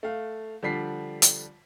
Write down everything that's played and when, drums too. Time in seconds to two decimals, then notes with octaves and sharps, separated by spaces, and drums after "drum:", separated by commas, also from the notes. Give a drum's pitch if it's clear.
0.03 A3 F5
0.63 D3 F3 G3 B6 C7
1.22 drum: hi-hat